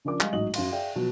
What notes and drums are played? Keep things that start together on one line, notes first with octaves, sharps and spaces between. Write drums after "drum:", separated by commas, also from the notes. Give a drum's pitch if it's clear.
C#3 F3 D4 A#4 D6
G3 G#3 G#4 D#5 F5, drum: clap
A1 G#2 F#3 D#5 F#7
F#2 F5 C6, drum: cymbal
G#4 D5 E5 F5 G5
B2 F3 F#3